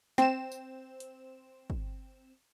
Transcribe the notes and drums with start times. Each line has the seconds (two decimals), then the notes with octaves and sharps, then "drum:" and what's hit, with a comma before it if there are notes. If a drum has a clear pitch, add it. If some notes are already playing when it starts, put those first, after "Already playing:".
0.18 C4 E7, drum: snare
0.52 drum: tambourine
1.00 drum: hi-hat
1.70 drum: kick